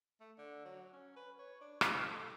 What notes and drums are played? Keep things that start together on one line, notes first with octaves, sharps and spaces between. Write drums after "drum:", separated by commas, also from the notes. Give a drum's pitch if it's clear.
A3
D3
F#3
C#4
B4
C#5
D4
F3, drum: rim click
A4